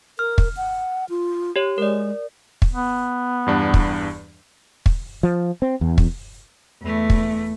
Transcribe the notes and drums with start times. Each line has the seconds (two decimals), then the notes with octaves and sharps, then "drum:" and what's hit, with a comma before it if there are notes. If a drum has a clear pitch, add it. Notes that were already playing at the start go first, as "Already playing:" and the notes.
0.19 A#4 F6
0.38 drum: kick
0.57 F#5
1.10 F4
1.56 G4 C#5
1.78 G#3 A#4 D5
2.62 drum: kick
2.73 B3
3.46 E2 G2 D4
3.74 drum: kick
4.86 drum: kick
5.23 F3
5.62 C4
5.81 E2
5.98 drum: kick
6.82 E2 A3
7.10 drum: kick